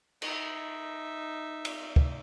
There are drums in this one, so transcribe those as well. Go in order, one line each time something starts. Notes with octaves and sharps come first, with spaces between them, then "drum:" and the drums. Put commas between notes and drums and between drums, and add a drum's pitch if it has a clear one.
D#4 E5, drum: cymbal
drum: cymbal
drum: kick